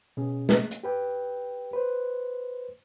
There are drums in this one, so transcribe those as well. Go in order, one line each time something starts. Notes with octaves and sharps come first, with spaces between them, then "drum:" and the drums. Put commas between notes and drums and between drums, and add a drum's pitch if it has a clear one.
B2 C#4 G#4
drum: snare
drum: hi-hat
G4 B4 G5
B4 C5